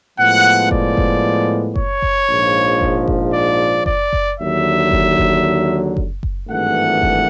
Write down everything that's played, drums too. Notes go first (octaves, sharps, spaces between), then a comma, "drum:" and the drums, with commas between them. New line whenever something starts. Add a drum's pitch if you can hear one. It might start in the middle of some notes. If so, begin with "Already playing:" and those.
A2 F3 G#3 B3 F#5
D5, drum: kick F#1
drum: kick F#1
C#5, drum: kick F#1
drum: kick F#1
A#1 G#2 F3
drum: kick F#1
drum: kick F#1
D5
D5, drum: kick F#1
drum: kick F#1
D#2 D3 F#3 E5
drum: kick F#1
drum: kick F#1
drum: kick F#1
drum: kick F#1
G#1 G2 E3 A3 F#5
drum: kick F#1